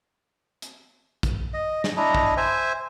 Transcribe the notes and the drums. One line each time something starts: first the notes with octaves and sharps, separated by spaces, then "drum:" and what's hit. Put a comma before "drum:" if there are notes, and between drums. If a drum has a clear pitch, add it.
drum: hi-hat
drum: kick, hi-hat
D#5
drum: snare
D4 E4 D#5 A#5
drum: kick
C5 E5 G#5